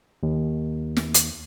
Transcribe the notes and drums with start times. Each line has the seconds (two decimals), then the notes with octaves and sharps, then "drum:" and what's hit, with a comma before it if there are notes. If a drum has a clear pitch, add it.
0.23 D#2
0.97 drum: snare
1.14 drum: hi-hat